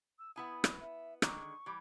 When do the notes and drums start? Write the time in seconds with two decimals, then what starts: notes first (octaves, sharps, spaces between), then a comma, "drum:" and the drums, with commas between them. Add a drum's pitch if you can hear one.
0.18 E6
0.36 B3 E4 G#5 D#6
0.64 drum: rim click
0.81 E5
1.22 D3 D#3 G#3 C#6, drum: rim click
1.66 E3 G3